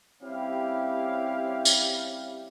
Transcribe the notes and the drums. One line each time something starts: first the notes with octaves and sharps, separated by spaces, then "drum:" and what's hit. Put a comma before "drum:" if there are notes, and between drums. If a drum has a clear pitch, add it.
G3 C4 C#4 E4 G4 F5
drum: tambourine